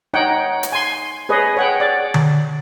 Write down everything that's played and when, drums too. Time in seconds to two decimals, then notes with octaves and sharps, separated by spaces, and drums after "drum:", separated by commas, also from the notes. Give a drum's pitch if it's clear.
0.14 D#4 C#5 F#5 G5
0.63 drum: hi-hat
0.72 G#5 C6
1.29 G#4 B4 C#5 D#5
1.57 C#5 F#5 G5
1.80 D5
2.14 drum: tom D3